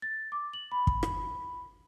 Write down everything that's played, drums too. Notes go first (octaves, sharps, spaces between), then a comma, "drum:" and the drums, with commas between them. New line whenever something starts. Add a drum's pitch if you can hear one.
A6
D6
F#7
B5
drum: kick
drum: rim click